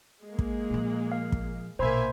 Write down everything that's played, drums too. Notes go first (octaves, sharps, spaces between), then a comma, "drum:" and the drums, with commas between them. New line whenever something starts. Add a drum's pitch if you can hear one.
G#3 A#3
drum: kick
A#2 F3
F5
drum: kick
A#1 B2 A#3 C5 E5 G#5 B5 C6